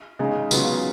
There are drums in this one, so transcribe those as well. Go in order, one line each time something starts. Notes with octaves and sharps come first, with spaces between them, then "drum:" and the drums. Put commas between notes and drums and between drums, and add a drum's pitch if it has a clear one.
C#3 G#3 D#4
C#3 F#3 B3 F4, drum: tambourine